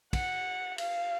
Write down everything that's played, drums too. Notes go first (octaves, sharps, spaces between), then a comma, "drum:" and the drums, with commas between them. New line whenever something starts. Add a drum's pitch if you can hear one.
F#5, drum: kick, cymbal
F5, drum: cymbal